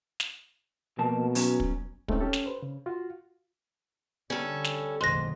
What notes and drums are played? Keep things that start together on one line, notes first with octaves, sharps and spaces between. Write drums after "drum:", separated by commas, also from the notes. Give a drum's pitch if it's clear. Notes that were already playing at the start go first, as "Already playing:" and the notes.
drum: snare
F2 B2 A#3 A5
F#3 B3 C#4, drum: open hi-hat
drum: kick
G#3 A3 C4 C#4 D#4, drum: kick
C#4 G4 A4
drum: snare
B4 C5
C#3
F4 F#4
D3 G3 C#4 A4
drum: snare
F#1 B1 G#2 D#3 C6 F#6 A#6